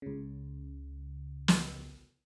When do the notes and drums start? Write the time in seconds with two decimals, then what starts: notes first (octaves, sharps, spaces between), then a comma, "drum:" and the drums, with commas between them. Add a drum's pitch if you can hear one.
0.02 C#2 C#3
1.48 drum: snare